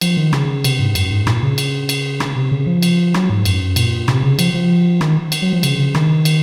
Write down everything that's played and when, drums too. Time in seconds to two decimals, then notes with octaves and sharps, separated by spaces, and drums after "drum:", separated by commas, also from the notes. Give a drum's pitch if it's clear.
0.01 F3, drum: cymbal
0.17 D#3
0.33 C#3, drum: rim click
0.64 C3, drum: cymbal
0.79 G#2
0.95 F#2, drum: cymbal
1.10 G#2
1.27 A#2, drum: rim click
1.43 C#3
1.58 drum: cymbal
1.89 drum: cymbal
2.20 drum: rim click
2.36 C3
2.51 C#3
2.67 F3
2.82 drum: cymbal
3.14 F#3, drum: rim click
3.29 G#2
3.45 F#2, drum: cymbal
3.76 A#2, drum: cymbal
4.08 C3, drum: rim click
4.23 C#3
4.39 F3, drum: cymbal
4.54 F3
5.01 D#3, drum: rim click
5.32 drum: cymbal
5.42 F#3
5.53 F3
5.63 C#3, drum: cymbal
5.79 C#3
5.94 D#3, drum: rim click
6.25 drum: cymbal